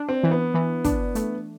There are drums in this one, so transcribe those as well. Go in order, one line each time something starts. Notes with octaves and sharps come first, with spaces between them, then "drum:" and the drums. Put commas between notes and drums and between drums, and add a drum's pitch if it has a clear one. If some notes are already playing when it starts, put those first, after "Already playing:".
Already playing: D4
C4
E3
B3
E3
D4, drum: kick, hi-hat
A3, drum: hi-hat